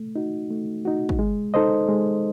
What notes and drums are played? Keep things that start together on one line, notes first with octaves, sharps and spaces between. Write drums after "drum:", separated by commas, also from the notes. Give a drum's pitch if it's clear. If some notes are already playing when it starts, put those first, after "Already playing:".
Already playing: A3
D#4 F#4
A3
D#4 F#4
drum: kick
G#3
D#4 A4 C5 D#5
G#3